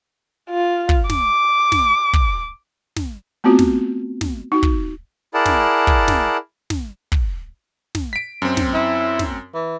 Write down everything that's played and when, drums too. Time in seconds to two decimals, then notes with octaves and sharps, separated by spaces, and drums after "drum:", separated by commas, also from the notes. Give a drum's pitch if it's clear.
0.50 F4
0.89 drum: kick
1.10 D6, drum: snare
1.72 drum: snare
2.13 drum: kick
2.96 drum: snare
3.44 A3 B3 C4 F4 F#4
3.59 drum: snare
4.21 drum: snare
4.52 D#4 F#4
4.63 drum: kick
5.34 E4 G#4 A#4 D5 F#5 A5
5.46 drum: snare
5.87 drum: kick
6.08 drum: snare
6.70 drum: snare
7.12 drum: kick
7.95 drum: snare
8.13 B6 D7
8.42 F#2 C4
8.57 drum: snare
8.74 E4
9.19 drum: snare
9.54 E3